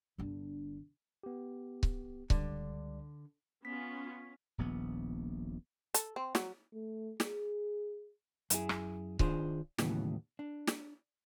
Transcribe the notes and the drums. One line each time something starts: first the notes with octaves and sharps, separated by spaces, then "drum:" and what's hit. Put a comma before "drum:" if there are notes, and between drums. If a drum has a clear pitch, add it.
G1 D3
B3 G4
drum: kick C#1
C#2 D3 G3 D5, drum: kick C#1
B3 C#4 F4 B6
D#1 A#1 B3
A4, drum: hi-hat
C4
F#3, drum: snare
A3
G#4, drum: snare
F#2 E4 G#4, drum: hi-hat
drum: rim click
D#3 D4 F4 G#4 C5, drum: kick C#1
D#2 A2 C#3 E3 F#3 B3, drum: snare
D4
drum: snare